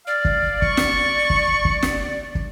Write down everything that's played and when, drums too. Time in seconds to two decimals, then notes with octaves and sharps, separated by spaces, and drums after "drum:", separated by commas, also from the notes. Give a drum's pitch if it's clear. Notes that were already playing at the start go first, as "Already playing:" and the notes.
0.07 D5 F5
0.25 drum: kick
0.62 C#6, drum: kick
0.77 drum: snare
1.30 drum: kick
1.65 drum: kick
1.82 drum: snare
2.35 drum: kick